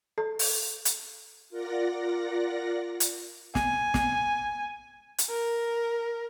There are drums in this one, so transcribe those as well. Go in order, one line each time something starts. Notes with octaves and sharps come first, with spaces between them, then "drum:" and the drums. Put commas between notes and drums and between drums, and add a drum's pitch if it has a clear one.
A4
drum: open hi-hat
drum: hi-hat
F4 A#4 D5 F#5 A#6
drum: hi-hat
G#5, drum: snare
drum: snare
drum: hi-hat
A#4